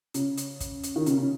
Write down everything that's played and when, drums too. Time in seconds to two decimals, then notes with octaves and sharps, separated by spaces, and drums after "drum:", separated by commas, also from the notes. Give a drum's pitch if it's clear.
0.14 C#3, drum: hi-hat
0.37 drum: hi-hat
0.60 drum: kick, hi-hat
0.83 drum: hi-hat
0.96 D#3
1.06 C#3, drum: hi-hat
1.17 C#3